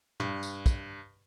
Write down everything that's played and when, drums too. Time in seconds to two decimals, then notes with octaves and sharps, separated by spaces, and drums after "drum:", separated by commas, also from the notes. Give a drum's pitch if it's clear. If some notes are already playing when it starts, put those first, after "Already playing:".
0.20 G2, drum: tom
0.43 drum: tambourine
0.66 drum: kick, tambourine